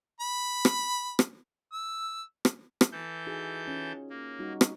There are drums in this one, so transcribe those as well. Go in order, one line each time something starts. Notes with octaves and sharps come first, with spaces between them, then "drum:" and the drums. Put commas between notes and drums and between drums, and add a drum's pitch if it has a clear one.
B5
drum: rim click
drum: rim click
E6
drum: rim click
drum: rim click
E3 A4 G6
D#4 F#4 G#4
C#4 F4
A#3
G3 D#4 F#4
drum: rim click